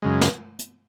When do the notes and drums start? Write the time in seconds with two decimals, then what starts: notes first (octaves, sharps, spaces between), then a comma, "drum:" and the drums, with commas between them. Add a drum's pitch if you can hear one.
0.02 F#2 C#3 G#3
0.21 drum: snare
0.59 drum: hi-hat